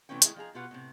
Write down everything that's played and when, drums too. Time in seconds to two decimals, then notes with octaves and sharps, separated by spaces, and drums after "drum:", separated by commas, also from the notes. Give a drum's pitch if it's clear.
0.09 C3 E3 A3 B3 C#4 G5
0.22 D#3 G#3 A3 C#4 E4, drum: hi-hat
0.36 F3 D#4 G#4 A#5
0.54 B2 F4 G4 B4 F#5
0.71 A2 C3